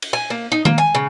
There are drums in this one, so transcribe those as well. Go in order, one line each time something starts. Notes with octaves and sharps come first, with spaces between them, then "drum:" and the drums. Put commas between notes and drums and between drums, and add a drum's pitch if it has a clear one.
drum: cymbal
G#5
A#3
D#4
A#3, drum: tom D#3
G#5
C#3